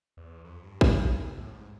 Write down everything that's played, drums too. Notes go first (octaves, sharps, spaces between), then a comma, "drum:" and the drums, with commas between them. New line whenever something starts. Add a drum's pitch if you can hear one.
E2
F2
G2
F2, drum: kick
F#2
G#2
A2
G#2